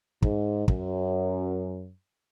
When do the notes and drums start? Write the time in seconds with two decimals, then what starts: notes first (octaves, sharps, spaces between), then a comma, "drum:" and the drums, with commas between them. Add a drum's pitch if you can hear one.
0.22 G#2, drum: kick
0.68 F#2, drum: kick